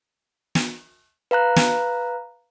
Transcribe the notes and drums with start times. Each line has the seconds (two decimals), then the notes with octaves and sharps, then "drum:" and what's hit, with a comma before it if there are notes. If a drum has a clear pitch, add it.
0.55 drum: snare
1.31 B4 F5 A#5 F#6
1.56 drum: snare